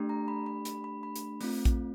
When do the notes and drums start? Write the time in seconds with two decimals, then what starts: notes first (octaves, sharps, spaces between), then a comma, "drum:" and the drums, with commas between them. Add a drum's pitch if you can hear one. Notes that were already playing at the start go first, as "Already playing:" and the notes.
Already playing: A3 D4 G4
0.09 A#5
0.28 B5
0.46 B5
0.65 B5, drum: hi-hat
0.84 B5
1.03 B5
1.16 drum: hi-hat
1.41 A3 C4 F4, drum: open hi-hat
1.65 drum: kick A#1, hi-hat